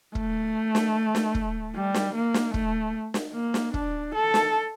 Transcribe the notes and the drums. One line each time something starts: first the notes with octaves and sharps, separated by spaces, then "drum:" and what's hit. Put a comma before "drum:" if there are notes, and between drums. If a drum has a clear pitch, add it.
A3, drum: kick
drum: snare
drum: snare
drum: kick
G3
drum: snare
A#3
drum: snare
A3, drum: kick
drum: snare
A#3
drum: snare
D4, drum: kick
A4
drum: snare